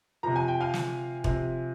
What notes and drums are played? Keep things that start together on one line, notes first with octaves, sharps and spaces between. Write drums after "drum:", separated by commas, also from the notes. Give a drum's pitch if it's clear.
C3 F3 A#5
G#5
G5
F5 G#5
drum: snare
C3 F3, drum: kick E1